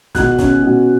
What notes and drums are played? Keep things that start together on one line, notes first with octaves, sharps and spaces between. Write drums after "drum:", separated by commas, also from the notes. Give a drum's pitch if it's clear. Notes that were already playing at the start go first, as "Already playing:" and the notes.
B2 F#6, drum: snare
C#4, drum: snare
B2